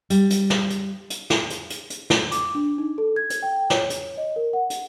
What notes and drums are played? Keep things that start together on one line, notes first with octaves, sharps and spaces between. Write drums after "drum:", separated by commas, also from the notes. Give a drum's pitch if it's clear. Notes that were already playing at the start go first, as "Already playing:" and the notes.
G3, drum: hi-hat
drum: hi-hat
drum: snare
drum: hi-hat
drum: hi-hat
drum: snare
drum: hi-hat
drum: hi-hat
drum: hi-hat
drum: snare
D6, drum: hi-hat
D4
D#4
A4
G#6
drum: hi-hat
G5
C#5, drum: snare
drum: hi-hat
D#5
A#4
F#5
drum: hi-hat